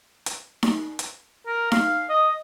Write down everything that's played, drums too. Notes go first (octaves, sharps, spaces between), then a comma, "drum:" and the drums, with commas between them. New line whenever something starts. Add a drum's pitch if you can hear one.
drum: hi-hat
drum: snare D#4
drum: hi-hat
A#4
F5, drum: snare D#4
D#5